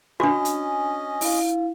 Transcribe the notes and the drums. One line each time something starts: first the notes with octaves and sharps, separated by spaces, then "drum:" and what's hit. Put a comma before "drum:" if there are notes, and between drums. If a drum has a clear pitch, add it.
C#4 D4 F#4 D#5 G#5
drum: hi-hat
E4 F5, drum: open hi-hat